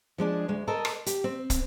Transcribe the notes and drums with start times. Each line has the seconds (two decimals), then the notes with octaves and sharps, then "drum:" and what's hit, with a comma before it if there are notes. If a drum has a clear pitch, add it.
0.18 F3 G#3 D4 G#4
0.48 D2 G#3
0.68 A4 A#4 C5 D#5
0.85 drum: rim click
1.06 G4, drum: hi-hat
1.24 C4
1.50 drum: kick, hi-hat